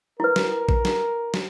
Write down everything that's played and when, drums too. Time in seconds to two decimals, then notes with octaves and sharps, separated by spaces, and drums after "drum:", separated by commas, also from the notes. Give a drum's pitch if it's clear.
0.20 E4 A#4 B4
0.36 drum: snare
0.69 drum: kick
0.85 drum: snare
1.34 drum: snare